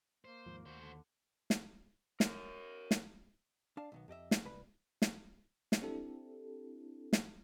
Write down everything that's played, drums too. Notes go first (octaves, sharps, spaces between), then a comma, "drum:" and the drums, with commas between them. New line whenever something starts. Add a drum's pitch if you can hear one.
A#3 C5
D#2 G#2 F3
D#2 F#4 C5
D3
drum: snare
A#4 C#5, drum: snare
drum: snare
D4 F5 A5
B1 D#3 B3
F2 G4 D#5 E5
drum: snare
C2 B4 B5
drum: snare
drum: snare
C4 D4 E4 G4 A4
drum: snare